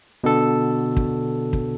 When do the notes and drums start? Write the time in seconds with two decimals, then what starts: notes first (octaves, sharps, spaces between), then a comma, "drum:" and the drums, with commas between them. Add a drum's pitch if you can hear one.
0.24 B2 D3 A4
0.97 drum: kick
1.53 drum: kick